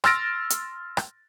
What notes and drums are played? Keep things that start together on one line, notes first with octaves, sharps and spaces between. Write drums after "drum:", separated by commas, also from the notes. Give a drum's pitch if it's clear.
C6 E6 F6 A6 A#6 D7, drum: rim click
drum: hi-hat
drum: rim click